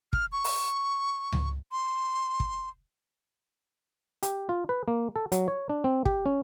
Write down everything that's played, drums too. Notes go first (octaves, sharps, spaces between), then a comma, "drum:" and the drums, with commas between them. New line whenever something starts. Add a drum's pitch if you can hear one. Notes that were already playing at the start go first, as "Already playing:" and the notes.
F6, drum: kick
C#6
drum: open hi-hat
drum: tom C#2
C6
drum: kick
G4, drum: hi-hat
F4
B4
A#3
A4
F#3, drum: hi-hat
C#5
D4
C4
G4, drum: kick
C#4